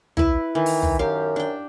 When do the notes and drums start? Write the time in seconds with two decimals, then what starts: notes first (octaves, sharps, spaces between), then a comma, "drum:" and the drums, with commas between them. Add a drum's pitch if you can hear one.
0.17 E4 B4, drum: tom
0.55 D#3 E3
0.66 drum: open hi-hat
0.82 drum: tom
0.99 F#2 G4 F5
1.36 D4 G5